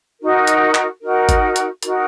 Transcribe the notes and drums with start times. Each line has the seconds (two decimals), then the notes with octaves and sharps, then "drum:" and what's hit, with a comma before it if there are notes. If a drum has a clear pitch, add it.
0.20 D#4 F#4 A#4
0.47 drum: hi-hat
0.75 drum: clap
1.01 D#4 F#4 A#4
1.29 drum: kick G#1, hi-hat
1.56 drum: hi-hat
1.83 D#4 F#4 A#4, drum: hi-hat